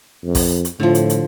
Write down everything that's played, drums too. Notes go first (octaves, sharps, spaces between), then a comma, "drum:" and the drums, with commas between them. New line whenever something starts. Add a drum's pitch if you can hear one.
F2
drum: kick A1, open hi-hat
drum: hi-hat
A2 D3 F3
drum: hi-hat
drum: hi-hat